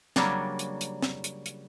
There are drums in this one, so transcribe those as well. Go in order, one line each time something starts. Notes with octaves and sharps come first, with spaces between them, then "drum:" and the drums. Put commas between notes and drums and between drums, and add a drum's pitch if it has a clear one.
C#3 F#3 G3 A#3 C#4 D4, drum: snare
drum: hi-hat
drum: hi-hat
drum: snare
drum: hi-hat
drum: hi-hat